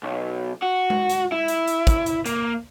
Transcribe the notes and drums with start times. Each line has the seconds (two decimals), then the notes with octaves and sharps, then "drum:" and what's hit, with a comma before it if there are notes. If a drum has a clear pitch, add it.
0.03 B1
0.62 F#4
0.90 drum: tom G#3
1.10 drum: hi-hat
1.32 E4
1.48 drum: hi-hat
1.68 drum: hi-hat
1.87 drum: kick, hi-hat
2.06 drum: hi-hat
2.26 A#3, drum: hi-hat